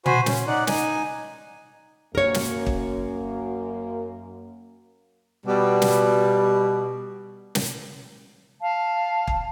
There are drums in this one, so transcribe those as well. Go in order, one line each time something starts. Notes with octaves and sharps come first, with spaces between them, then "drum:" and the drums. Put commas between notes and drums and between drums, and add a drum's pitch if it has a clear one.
F#4 C5 G#5 B5, drum: tom
C#4, drum: snare
D#4 D5 F#5
D#4 G#5, drum: snare
F#2 A#3 A#4 C#5
drum: snare
drum: kick
B2 G3
drum: snare
drum: snare
F5 A5
drum: kick